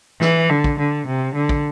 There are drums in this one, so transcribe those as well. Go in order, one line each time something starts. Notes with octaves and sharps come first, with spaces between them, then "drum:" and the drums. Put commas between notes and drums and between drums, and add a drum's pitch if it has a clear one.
E3, drum: snare
D3
drum: kick
D3
C3
D3
drum: kick